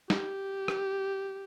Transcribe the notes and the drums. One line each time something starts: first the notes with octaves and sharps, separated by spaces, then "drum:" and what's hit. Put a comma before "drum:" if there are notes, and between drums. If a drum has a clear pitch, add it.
G4, drum: snare
drum: rim click